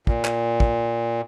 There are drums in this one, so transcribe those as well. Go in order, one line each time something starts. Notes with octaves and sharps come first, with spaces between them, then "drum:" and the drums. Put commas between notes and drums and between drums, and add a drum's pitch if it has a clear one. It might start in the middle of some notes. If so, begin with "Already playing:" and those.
A#2, drum: kick
drum: clap
drum: kick